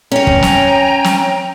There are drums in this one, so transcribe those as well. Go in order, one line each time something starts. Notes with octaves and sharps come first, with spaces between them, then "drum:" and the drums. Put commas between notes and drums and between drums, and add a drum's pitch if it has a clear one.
C#4 C#5 G5 G#5 A#5
drum: kick
drum: snare
drum: snare